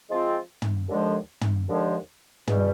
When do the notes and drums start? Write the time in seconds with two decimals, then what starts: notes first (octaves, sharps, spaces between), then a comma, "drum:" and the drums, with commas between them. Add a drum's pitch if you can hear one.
0.09 F3 G#3 C4 F4
0.62 drum: tom
0.88 D#2 D3 F3 G#3
1.41 drum: tom
1.68 D#2 D3 F3 G#3
2.47 E2 B2 G3, drum: tom